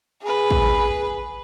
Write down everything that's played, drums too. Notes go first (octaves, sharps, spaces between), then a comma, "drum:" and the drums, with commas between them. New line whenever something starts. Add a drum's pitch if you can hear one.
G#4 B4
drum: kick